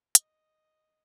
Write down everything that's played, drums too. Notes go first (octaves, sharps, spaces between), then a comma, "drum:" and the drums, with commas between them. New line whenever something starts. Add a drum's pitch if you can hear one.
D#5, drum: hi-hat